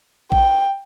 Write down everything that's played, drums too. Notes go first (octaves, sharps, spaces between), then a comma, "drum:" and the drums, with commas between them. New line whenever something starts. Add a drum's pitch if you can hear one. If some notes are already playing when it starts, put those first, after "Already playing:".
G5, drum: kick A#1